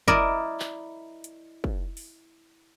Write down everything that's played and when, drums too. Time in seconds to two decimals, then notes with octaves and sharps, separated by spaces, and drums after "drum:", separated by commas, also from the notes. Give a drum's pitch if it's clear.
0.08 E4 A#4 D5 D#5, drum: kick
0.60 drum: clap
1.24 drum: hi-hat
1.64 drum: kick
1.97 drum: open hi-hat